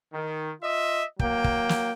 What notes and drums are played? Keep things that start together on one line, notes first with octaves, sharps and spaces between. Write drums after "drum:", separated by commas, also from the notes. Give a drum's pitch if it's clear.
D#3
F4 D#5 E5
F#3 A#3 G5, drum: kick
drum: kick
drum: snare